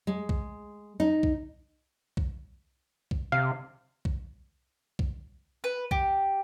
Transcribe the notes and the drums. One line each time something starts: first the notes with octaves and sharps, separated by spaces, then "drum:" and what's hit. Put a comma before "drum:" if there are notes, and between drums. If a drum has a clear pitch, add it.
G#3
drum: kick B1
D#4
drum: kick B1
drum: kick B1
drum: kick B1
C3 F5
drum: kick B1
drum: kick B1
B4
G4, drum: kick B1